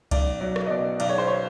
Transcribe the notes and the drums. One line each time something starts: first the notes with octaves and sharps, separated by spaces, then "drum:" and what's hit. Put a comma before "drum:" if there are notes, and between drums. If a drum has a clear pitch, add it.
B1 D5, drum: kick C#2, cymbal
F#3 D5
drum: rim click
D#5
B2 D5
B1 D5, drum: cymbal
C#5
C5
C#5